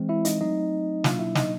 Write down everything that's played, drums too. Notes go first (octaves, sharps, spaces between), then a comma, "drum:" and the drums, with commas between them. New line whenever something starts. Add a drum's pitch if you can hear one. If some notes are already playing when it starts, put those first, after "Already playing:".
Already playing: E3 G#3 C4
E4 E5
D#4 D#5, drum: hi-hat
F#3 A3 C4 D#4 D#5
B2 F#3 A#3 D4 F4 F5, drum: snare
E4 E5
D#4 D#5, drum: snare